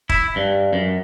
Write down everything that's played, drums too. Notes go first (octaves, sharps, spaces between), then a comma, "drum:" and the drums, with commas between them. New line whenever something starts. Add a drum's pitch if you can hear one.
E4, drum: kick
G2
F#2